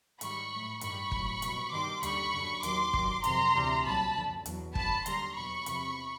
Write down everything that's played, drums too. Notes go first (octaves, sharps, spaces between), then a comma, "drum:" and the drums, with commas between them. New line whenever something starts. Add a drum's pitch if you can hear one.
G#2 D#3 G3 B5 C#6, drum: hi-hat
A2 F#3
G2 D#3 G3 B5 C#6, drum: hi-hat
A2 F#3, drum: kick
C2 B2 F#3, drum: hi-hat
G2 D#3 G3 C6 D6
D#2 D3 G3 B5 C#6, drum: hi-hat
F#2 D3 F#3
D#2 D#3 F#3 C6 D6, drum: hi-hat
G2 D#3 F#3, drum: kick
F2 C3 D#3 F#3 A#5 C6, drum: hi-hat
D2 C3 E3 G3
C2 A#2 F#3 A5 B5
F#2 D3 F3
E2 B2 F#3, drum: hi-hat
F#2 D3 F#3 A5 B5, drum: kick
D#2 D3 G3 A#5 C6, drum: hi-hat
E2 B2 F#3 B5 C#6
E2 C3 F3, drum: hi-hat